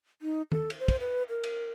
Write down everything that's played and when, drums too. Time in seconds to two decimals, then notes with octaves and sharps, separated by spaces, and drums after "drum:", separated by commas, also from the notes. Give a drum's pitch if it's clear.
0.22 D#4
0.52 A4, drum: tom
0.70 drum: cymbal
0.79 C5
0.88 drum: kick, cymbal
1.00 B4
1.29 A#4
1.44 drum: cymbal